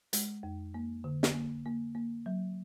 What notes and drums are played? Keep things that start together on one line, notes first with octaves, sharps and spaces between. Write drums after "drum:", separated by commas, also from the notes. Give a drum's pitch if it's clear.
G#3, drum: hi-hat
F2
A#3
D3
drum: snare
A#3
A#3
A#3
F#3